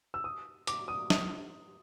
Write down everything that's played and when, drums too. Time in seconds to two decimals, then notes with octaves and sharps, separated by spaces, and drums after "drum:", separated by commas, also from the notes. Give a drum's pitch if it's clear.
0.14 E6
0.24 D#6
0.67 D6, drum: hi-hat
0.88 D#6
1.10 D#6, drum: snare